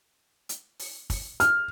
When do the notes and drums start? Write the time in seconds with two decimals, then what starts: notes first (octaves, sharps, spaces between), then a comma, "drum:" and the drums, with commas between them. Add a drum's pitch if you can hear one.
0.49 drum: hi-hat
0.79 drum: open hi-hat
1.10 drum: kick, open hi-hat
1.40 F6, drum: hi-hat